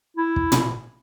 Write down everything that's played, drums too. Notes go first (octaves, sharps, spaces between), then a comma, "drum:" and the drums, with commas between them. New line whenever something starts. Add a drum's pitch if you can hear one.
E4
drum: kick
drum: tom